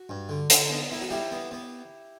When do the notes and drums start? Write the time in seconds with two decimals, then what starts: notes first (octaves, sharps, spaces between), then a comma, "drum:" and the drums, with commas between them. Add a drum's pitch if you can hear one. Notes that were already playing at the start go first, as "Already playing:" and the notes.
Already playing: F#4
0.09 G2
0.29 D3
0.50 D3, drum: hi-hat
0.70 B3
0.91 B3 E4
1.02 F#4
1.10 G3 E4 G4
1.31 B3
1.51 B3